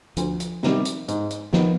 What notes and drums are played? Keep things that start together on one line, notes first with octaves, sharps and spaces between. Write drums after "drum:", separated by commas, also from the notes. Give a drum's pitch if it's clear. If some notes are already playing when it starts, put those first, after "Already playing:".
D2 F3, drum: hi-hat
drum: hi-hat
C3 D#3 G3, drum: snare
drum: hi-hat
G#2, drum: hi-hat
drum: hi-hat
D#3 F3 B3, drum: snare